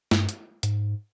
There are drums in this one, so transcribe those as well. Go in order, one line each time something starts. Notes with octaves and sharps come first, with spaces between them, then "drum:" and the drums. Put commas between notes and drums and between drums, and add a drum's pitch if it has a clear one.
G2, drum: snare
drum: hi-hat
G#2, drum: hi-hat